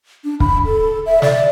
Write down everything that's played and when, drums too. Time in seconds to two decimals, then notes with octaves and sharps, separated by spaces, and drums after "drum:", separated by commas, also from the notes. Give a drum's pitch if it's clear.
0.24 D4
0.40 B5, drum: kick
0.66 A4
1.06 E5
1.22 D5, drum: snare